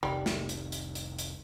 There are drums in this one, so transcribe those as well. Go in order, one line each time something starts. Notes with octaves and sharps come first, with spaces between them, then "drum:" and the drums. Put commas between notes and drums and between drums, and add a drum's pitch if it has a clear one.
F1 C2 D#3 G3
drum: snare
drum: hi-hat
drum: hi-hat
drum: hi-hat
drum: hi-hat